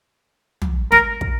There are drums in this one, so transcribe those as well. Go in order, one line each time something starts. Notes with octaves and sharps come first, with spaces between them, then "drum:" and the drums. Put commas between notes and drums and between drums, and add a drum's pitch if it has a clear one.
drum: tom
A#4, drum: snare
drum: kick